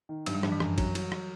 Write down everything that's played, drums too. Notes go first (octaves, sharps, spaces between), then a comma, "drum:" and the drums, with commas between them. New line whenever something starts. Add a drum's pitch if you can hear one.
D#3
G2 F#3, drum: cymbal
G3
G2 F3, drum: rim click
E3
F#2, drum: rim click
F#3, drum: kick, cymbal
F#3, drum: cymbal
drum: rim click